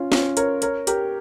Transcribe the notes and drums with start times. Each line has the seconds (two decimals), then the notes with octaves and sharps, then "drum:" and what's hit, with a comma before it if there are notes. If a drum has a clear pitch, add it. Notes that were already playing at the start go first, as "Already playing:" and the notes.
Already playing: C#4 F4
0.12 C#4 F4, drum: snare
0.37 A#4 C#5, drum: hi-hat
0.62 A#4 C#5, drum: hi-hat
0.87 G4 A#4, drum: hi-hat